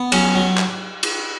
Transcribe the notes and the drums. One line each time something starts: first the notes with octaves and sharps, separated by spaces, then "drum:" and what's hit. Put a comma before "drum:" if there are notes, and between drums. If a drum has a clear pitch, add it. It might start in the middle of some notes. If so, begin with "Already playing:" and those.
Already playing: B3
F#3 C#4, drum: cymbal
F#3
drum: clap
drum: cymbal